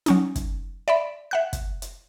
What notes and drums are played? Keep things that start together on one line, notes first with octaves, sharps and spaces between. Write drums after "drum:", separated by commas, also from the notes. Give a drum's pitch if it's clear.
F#3 C#4 D#4, drum: hi-hat
drum: kick, hi-hat
D5 E5 B5
E5 F#5 F#6
drum: kick, hi-hat
drum: hi-hat